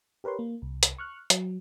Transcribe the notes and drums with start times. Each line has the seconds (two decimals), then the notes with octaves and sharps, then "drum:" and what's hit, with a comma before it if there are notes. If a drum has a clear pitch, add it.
0.24 G4 A#4 B4 C#5 C6
0.39 A#3
0.62 C2
0.83 drum: hi-hat
0.99 C#6 F6 F#6
1.30 F#3, drum: hi-hat